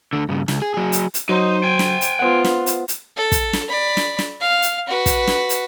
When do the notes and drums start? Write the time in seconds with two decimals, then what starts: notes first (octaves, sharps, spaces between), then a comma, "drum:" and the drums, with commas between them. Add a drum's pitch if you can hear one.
0.13 D2 D3
0.29 G2 C#3
0.48 C#2, drum: snare
0.62 G#4
0.74 F#3 G#4
0.92 drum: hi-hat
1.14 drum: hi-hat
1.29 F#3 D#4 C5
1.64 G5 G#5
1.79 drum: snare
2.01 drum: hi-hat
2.19 B3 F4 C5 F#5
2.45 drum: snare
2.66 drum: hi-hat
2.88 drum: hi-hat
3.16 A4
3.32 drum: kick, hi-hat
3.53 drum: snare
3.69 D5 B5
3.97 drum: snare
4.19 drum: snare
4.40 F5
4.62 drum: hi-hat
4.87 F#4 B4
5.06 drum: kick, hi-hat
5.27 drum: snare
5.49 drum: hi-hat